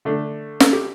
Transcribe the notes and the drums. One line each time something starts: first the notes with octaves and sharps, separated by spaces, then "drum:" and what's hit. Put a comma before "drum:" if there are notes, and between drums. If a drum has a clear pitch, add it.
D3 A3 D4
A4, drum: snare
G4